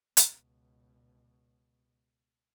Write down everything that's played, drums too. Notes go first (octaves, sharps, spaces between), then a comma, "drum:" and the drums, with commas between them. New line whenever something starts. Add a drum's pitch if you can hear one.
C#2 B2, drum: hi-hat